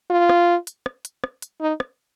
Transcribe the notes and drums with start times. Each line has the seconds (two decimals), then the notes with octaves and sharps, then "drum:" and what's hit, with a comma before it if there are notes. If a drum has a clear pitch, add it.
0.10 F4
0.29 drum: rim click
0.67 drum: hi-hat
0.86 drum: rim click
1.05 drum: hi-hat
1.24 drum: rim click
1.42 drum: hi-hat
1.61 D#4
1.80 drum: rim click